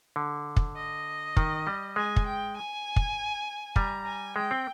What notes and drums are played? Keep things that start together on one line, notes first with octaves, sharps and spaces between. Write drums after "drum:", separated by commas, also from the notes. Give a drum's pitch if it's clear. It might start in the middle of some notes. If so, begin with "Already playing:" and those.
D3
drum: kick
D#5
D#3, drum: kick
G3
G#3 G#5
drum: kick
G5
G#5
drum: kick
G3 A#5, drum: kick
G#5
G#3 G5
C4